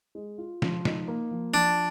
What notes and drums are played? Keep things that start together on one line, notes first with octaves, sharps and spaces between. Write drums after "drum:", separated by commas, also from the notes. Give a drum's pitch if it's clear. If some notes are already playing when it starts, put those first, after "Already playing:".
G#3
F4
F3, drum: snare
D#4, drum: snare
A#3
F3
F3 D4